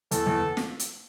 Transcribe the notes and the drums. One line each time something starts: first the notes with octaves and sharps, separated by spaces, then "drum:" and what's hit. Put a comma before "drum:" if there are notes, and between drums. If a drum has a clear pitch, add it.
E2 A4, drum: hi-hat
E2
drum: snare
drum: hi-hat